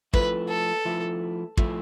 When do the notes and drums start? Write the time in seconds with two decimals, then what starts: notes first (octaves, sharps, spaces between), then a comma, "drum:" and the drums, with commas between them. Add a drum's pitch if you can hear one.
0.13 F3 A3 E4 B4, drum: kick
0.49 A4
0.85 F3 A3 E4
1.57 F3 A3 E4, drum: kick